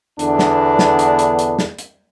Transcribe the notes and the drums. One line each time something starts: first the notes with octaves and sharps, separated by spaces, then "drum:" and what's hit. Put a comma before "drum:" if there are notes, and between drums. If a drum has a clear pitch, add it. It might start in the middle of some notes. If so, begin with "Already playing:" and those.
E2 D3 B3 D4, drum: hi-hat
drum: snare
drum: snare
drum: hi-hat
drum: hi-hat
drum: hi-hat
drum: snare
drum: hi-hat